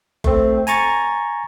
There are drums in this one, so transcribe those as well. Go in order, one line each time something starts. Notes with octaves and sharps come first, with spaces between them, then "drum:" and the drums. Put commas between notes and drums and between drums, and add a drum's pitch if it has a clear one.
A3 C4, drum: kick F#1
G#5 A#5 C#6 A6, drum: hi-hat